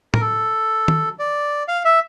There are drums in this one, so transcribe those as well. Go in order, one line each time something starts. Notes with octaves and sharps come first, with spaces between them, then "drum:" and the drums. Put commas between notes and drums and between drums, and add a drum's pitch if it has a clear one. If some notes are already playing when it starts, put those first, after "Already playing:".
A#4, drum: tom
A4
drum: tom D#3
D5
F5
E5